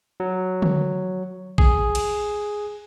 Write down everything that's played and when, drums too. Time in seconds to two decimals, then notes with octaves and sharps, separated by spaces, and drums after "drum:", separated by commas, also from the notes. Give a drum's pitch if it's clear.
0.20 F#3
0.62 drum: tom D3
1.58 G#4, drum: kick
1.95 drum: cymbal